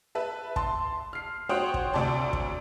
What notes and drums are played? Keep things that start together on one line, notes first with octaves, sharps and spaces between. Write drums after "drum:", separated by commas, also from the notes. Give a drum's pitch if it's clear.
B4 E5 A5
A5 C6, drum: kick
F6 C7
F#4 C5 C#5 F#5 G5 D#6
drum: kick
D2 C3 D5 A5 C6
drum: kick